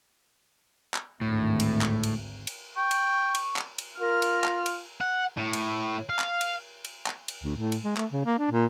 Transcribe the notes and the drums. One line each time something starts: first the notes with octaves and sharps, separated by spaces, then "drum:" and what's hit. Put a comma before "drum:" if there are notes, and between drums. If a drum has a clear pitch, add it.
drum: clap
G#1 D2 A2
drum: cymbal
drum: clap
drum: cymbal
drum: cymbal
G5 C#6
drum: cymbal
drum: cymbal
drum: clap
drum: cymbal
F4 A#4 F6
drum: cymbal
drum: clap
drum: cymbal
F#5
A2
drum: cymbal
F5
drum: clap
drum: cymbal
drum: cymbal
drum: clap
drum: cymbal
D2
A2
drum: cymbal
G#3
A3, drum: clap
C#3
A#3
D4
A#2